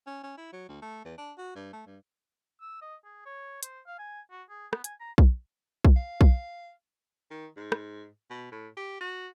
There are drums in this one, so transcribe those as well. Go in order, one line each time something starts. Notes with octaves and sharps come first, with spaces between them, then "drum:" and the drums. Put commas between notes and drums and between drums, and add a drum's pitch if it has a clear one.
C#4
C#4
E4
F#3
D2
A3
E2
D4
F#4
G2
A3
G2
E6
D#5
G#4
C#5
C5, drum: hi-hat
F5
G#5
F#4
G#4
B3, drum: rim click
G#5, drum: hi-hat
A#5
drum: kick B1
drum: kick B1
F5
drum: kick B1
D#3
G#2
drum: rim click
B2
A2
G4
F#4